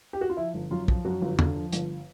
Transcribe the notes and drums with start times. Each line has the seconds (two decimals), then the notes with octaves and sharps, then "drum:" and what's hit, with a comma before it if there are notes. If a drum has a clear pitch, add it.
0.13 G4
0.21 F#4
0.30 F4
0.37 F3 E4
0.54 G1
0.71 F#2 F4
0.88 F3, drum: kick
1.05 F#2 F#4
1.22 G1
1.39 D3, drum: tom
1.56 F3
1.72 G1, drum: hi-hat